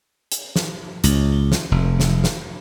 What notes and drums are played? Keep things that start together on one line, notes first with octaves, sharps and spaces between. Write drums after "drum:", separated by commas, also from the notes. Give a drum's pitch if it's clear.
drum: hi-hat
drum: snare
C#2, drum: hi-hat
drum: snare
F1
drum: snare
drum: snare